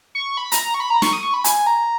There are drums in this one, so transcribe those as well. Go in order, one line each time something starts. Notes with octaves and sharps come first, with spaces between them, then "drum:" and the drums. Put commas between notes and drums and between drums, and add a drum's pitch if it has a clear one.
C#6
B5
A#5, drum: hi-hat
A#5
C#6
B5
A#5
C#6, drum: snare
D#6
C#6
B5
G#5, drum: hi-hat
G#5
A#5